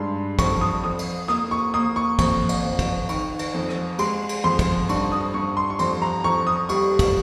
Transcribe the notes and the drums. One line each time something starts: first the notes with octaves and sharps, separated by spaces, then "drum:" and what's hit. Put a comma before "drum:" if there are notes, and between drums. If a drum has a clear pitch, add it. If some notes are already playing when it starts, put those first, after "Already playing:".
Already playing: G2 G#3 C6
F2 C#6, drum: kick, cymbal
D#6
F2 D#6
drum: cymbal
A#3 D#6, drum: rim click
C#6
A#3 D#6
C#6
F2 C#6, drum: kick, cymbal
drum: cymbal
F2
drum: kick, cymbal
D#3 C#6, drum: cymbal
drum: cymbal
F2
drum: rim click
G#3 C6, drum: cymbal
drum: cymbal
F2 C6
drum: kick, cymbal
G2 C#6, drum: cymbal
D#6
G2 C#6
C6
C#6
F2 C6, drum: cymbal
A#5
F2 C#6
D#6
G3 C#6, drum: cymbal
drum: kick, cymbal